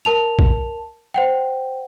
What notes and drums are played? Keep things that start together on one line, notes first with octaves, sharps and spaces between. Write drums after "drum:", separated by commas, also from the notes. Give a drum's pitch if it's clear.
A#4 A5 F7
drum: kick
C5 F#5 G5